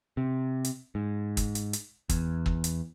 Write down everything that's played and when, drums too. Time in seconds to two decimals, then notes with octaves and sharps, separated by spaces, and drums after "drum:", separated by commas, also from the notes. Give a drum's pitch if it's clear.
0.17 C3
0.65 drum: hi-hat
0.95 G#2
1.37 drum: kick, hi-hat
1.55 drum: hi-hat
1.73 drum: hi-hat
2.09 E2, drum: kick, hi-hat
2.46 drum: kick
2.64 drum: hi-hat